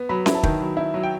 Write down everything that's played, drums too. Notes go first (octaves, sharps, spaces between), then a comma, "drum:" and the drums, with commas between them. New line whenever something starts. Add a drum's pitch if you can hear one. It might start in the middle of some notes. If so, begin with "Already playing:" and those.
Already playing: B3
F#3 B5
E4, drum: snare C#4
A5
D#3, drum: kick
F#3
E4
F#3
G5